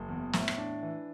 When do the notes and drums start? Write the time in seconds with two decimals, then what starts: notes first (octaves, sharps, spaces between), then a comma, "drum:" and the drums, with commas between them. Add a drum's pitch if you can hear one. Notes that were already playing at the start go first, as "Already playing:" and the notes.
Already playing: F#1
0.08 E2
0.33 A2, drum: snare
0.48 drum: rim click
0.58 D4
0.83 E3